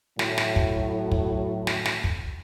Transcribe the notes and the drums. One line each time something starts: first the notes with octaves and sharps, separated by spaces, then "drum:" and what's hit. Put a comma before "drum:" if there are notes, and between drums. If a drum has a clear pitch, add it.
A2 F#3, drum: snare
drum: snare
drum: kick
drum: kick
drum: snare
drum: snare
drum: kick